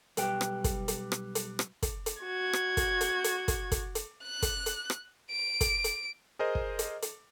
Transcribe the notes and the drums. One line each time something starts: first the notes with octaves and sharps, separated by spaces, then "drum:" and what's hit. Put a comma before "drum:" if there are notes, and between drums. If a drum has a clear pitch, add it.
B1 G3 B4 G5, drum: hi-hat
drum: rim click
drum: kick, hi-hat
drum: hi-hat
drum: rim click
drum: hi-hat
drum: rim click
drum: kick, hi-hat
drum: hi-hat
F#4 G#6
drum: rim click
drum: kick, hi-hat
drum: hi-hat
drum: hi-hat
drum: kick, hi-hat
drum: kick, hi-hat
drum: hi-hat
F#6
drum: kick, hi-hat
drum: hi-hat
drum: rim click
D7
drum: kick, hi-hat
drum: hi-hat
G#4 A#4 C5 D#5
drum: kick
drum: hi-hat
drum: hi-hat